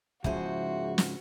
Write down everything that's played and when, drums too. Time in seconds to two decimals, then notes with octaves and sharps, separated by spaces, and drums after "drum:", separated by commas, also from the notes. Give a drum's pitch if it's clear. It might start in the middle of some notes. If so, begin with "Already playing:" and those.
0.24 G#2 C#3 F3 E4 F#4 G#4 C5, drum: kick
0.98 drum: snare